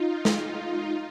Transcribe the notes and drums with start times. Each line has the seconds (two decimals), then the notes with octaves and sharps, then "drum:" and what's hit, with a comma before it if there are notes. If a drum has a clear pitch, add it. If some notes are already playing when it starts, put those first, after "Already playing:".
Already playing: D#4 F4
0.25 drum: snare
0.36 D#4 F4